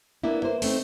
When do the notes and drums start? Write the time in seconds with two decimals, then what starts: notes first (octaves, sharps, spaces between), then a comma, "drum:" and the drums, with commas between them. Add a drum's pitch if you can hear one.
0.24 A#3 B3 D4 E4
0.43 A#3 C5
0.62 A3 C4 D#4, drum: open hi-hat